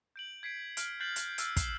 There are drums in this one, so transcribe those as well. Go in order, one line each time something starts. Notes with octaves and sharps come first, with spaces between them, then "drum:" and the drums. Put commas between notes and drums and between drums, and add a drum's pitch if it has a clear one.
G6 D7 F#7
G#6 B6 C7 D7
F6 D7, drum: hi-hat
F#6 G6 A6 C7 F#7
drum: hi-hat
E6 F6 G6 A6 D7 D#7, drum: hi-hat
C7 E7 G7, drum: kick, hi-hat